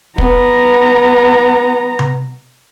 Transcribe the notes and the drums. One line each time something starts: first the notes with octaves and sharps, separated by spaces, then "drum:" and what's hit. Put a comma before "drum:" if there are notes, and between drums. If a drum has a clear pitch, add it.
B3 A#5, drum: kick
drum: tom C3